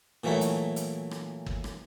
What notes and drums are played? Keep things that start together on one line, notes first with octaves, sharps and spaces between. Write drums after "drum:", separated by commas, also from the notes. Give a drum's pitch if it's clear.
A#2 E3 F#3 A3 E4
drum: hi-hat
drum: hi-hat
drum: rim click
drum: kick G1
drum: rim click